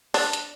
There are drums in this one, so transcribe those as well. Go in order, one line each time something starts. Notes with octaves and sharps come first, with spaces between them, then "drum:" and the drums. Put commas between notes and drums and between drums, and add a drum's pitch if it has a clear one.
D4, drum: open hi-hat
drum: hi-hat